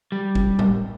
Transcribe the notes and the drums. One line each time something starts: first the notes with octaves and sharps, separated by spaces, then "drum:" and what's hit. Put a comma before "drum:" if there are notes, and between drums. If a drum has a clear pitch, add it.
G3
drum: kick
drum: tom A2